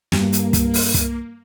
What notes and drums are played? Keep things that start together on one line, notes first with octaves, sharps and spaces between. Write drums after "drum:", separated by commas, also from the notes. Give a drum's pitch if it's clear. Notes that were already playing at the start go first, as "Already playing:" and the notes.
G2 A#3, drum: snare
drum: hi-hat
drum: kick, hi-hat
drum: open hi-hat
drum: kick, hi-hat